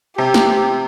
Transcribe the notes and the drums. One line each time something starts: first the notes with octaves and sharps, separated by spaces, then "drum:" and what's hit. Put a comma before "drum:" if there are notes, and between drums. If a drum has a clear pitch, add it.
C3 G4
drum: snare